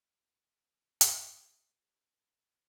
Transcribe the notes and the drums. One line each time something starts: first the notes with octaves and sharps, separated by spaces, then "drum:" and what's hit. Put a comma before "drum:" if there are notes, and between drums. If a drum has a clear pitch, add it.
B2
B2
drum: hi-hat
B2
A#2
B2
C3
B2